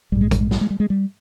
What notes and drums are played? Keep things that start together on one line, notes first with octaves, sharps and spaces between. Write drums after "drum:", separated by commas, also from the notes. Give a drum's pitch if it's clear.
A#1 G#2 G3
G#3
G3, drum: kick, hi-hat
G#3
G3, drum: snare
G#3
G3
G#3
G3